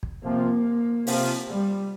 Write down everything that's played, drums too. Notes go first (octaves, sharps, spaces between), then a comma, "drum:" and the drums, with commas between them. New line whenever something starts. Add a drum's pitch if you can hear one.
drum: kick
C3 F3 A#3
C3 F3, drum: open hi-hat
G3